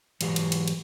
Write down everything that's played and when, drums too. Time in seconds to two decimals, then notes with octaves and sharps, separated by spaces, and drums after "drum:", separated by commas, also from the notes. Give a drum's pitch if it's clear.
0.21 G#2 E3 F#3 G4 F5, drum: cymbal
0.36 drum: cymbal
0.52 drum: cymbal
0.68 drum: cymbal